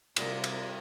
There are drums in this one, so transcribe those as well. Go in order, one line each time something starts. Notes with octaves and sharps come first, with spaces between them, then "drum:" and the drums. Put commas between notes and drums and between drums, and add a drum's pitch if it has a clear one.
C3 G3 F4 F#4 A#4 D5, drum: cymbal
drum: cymbal